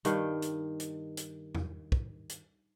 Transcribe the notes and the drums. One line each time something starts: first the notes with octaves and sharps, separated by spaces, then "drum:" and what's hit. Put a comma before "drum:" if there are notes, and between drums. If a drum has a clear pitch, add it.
G2 D#3 F5 G5, drum: hi-hat
drum: hi-hat
drum: hi-hat
drum: hi-hat
drum: tom E2
drum: kick
drum: hi-hat